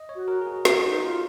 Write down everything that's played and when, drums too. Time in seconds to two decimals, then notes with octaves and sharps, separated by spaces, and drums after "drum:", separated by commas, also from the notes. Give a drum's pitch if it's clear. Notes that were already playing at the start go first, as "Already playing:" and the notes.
Already playing: D#5
0.09 C#5
0.15 F#4
0.28 A#4
0.41 G#4
0.47 F#4
0.65 F#4, drum: snare
0.84 D#4
1.03 F4